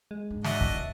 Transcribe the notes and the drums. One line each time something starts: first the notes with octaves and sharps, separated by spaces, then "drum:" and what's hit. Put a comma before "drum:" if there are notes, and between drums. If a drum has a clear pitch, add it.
G#3
G#2 D#4
D4 F#4 D#5 E5, drum: snare
drum: kick
G#1 C#2 F3